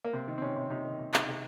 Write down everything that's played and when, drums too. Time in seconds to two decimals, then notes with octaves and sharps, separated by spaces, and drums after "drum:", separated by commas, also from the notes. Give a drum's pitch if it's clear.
0.05 A#3
0.13 C3 C4
0.28 D#3
0.38 C4
0.42 C3 C#4
0.56 C3
0.70 C3 D#4
0.85 D#3
0.99 C3
1.14 D#3, drum: clap
1.27 C3